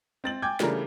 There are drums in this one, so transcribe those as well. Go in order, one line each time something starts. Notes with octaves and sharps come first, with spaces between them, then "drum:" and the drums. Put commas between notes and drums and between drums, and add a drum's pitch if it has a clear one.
C4 A6 F#7
G5 G#5 D6 G6 G#6
C#3 E3 G3 A3 D4 A#4, drum: snare